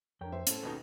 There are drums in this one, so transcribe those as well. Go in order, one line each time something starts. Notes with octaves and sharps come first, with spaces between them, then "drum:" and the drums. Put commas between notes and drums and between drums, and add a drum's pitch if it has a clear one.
F2 D4 A#4 C#5 G5
C5 E5
A2 C#4 A4, drum: hi-hat
D#2 B2 D#4 B4 D#5